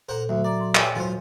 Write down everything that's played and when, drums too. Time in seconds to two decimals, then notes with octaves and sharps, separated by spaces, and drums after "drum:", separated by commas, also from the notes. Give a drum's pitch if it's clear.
0.09 A#2 A4 A#4 C5 F#5
0.29 D2 F#3 E5
0.44 D5 A#5
0.60 C6
0.75 G4 B4 C#5 D5 E5 G#5, drum: clap
0.95 D#2 G#2 F#3 F4 C5